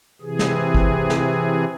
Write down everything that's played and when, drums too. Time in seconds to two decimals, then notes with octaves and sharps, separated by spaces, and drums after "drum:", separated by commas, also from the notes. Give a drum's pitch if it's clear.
0.22 C3 E3 G#4
0.39 drum: snare
0.75 drum: kick
1.10 drum: snare